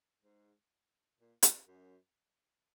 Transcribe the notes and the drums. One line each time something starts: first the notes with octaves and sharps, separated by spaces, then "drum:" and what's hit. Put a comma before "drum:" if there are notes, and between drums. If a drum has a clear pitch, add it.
G#2
A#2
drum: hi-hat
F#2